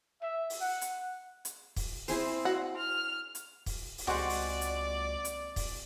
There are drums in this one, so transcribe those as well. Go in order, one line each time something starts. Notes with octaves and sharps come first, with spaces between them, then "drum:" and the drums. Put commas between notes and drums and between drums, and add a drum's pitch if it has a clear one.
E5
drum: open hi-hat
F#5
drum: hi-hat
drum: hi-hat
drum: kick, open hi-hat
C4 E4 G#4 C5, drum: open hi-hat
F#4
F6
drum: hi-hat
drum: kick, open hi-hat
drum: open hi-hat
C#2 G#3 C4 F#4 G4 D5 F#5
drum: open hi-hat
drum: hi-hat
drum: hi-hat
drum: kick, open hi-hat